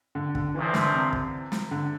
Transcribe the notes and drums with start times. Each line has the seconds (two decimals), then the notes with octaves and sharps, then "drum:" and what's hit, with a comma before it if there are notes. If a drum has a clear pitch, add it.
0.15 D3
0.35 D3, drum: kick
0.54 C2 A#2 E3 F3 C4
0.74 D3, drum: snare
0.93 C3
1.13 drum: kick
1.52 drum: snare
1.71 D3